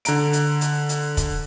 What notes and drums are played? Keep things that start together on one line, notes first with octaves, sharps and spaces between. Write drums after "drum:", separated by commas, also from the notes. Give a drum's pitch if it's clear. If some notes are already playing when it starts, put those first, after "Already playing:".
D3 A#5 D7, drum: hi-hat
drum: hi-hat
drum: hi-hat
drum: hi-hat
drum: kick, hi-hat